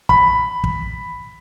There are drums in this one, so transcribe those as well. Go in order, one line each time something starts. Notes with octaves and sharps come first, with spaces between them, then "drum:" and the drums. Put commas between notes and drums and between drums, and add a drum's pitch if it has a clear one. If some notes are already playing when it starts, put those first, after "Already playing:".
B5, drum: kick
drum: kick